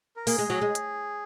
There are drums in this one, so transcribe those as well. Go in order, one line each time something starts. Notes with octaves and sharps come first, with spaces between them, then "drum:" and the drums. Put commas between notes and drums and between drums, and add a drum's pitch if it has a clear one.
A#4
A#3 G#4, drum: open hi-hat
G#3
F#3
G#3
drum: hi-hat